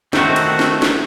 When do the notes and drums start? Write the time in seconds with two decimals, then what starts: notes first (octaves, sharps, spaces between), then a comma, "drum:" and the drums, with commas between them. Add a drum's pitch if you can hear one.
0.13 D#3 A3 C4 F#4, drum: snare
0.36 drum: cymbal
0.59 drum: snare
0.82 drum: snare